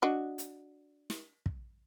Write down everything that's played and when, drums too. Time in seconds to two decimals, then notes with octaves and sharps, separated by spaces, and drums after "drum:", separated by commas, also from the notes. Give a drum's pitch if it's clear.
0.02 D4 F#4 D#5
0.38 drum: hi-hat
1.10 drum: snare
1.46 drum: kick